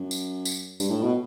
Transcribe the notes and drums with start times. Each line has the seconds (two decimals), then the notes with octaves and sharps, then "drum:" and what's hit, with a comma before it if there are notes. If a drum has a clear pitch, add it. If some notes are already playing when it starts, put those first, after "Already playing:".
Already playing: F#2
0.11 drum: tambourine
0.45 drum: tambourine
0.80 G2, drum: tambourine
0.91 A2
1.03 B2